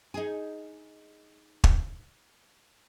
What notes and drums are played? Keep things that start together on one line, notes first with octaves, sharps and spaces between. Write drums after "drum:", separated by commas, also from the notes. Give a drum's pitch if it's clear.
D#4 G#4
drum: kick